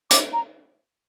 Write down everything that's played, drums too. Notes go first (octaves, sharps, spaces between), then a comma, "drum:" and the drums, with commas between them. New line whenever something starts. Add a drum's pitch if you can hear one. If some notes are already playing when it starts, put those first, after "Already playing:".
D6, drum: hi-hat
A#5